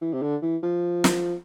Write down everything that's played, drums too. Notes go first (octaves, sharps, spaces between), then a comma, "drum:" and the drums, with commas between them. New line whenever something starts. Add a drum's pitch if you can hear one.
E3
C3
D3
E3
F3
drum: snare